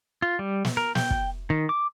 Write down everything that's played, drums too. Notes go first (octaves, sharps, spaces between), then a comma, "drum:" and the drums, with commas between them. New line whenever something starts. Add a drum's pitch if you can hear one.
F4
G3
drum: snare
A#4
G5, drum: snare
drum: kick
D#3
D6